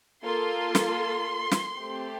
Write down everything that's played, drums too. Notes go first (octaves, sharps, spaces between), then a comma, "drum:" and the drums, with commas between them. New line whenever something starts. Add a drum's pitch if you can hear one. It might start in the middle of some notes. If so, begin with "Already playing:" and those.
A#3 F4 A4 C6
drum: snare
drum: snare
A3 C4 G4